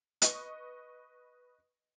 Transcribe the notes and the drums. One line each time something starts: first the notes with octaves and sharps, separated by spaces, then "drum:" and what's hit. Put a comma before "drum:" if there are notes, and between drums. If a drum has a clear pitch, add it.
B4 D#5 C#6, drum: hi-hat